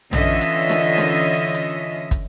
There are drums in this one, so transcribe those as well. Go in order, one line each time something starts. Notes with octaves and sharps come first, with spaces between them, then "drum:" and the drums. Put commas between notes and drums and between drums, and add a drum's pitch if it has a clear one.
D3 E3 C#4 F4 D#5 E5, drum: tom
drum: hi-hat
drum: snare
drum: snare
drum: hi-hat
drum: kick, hi-hat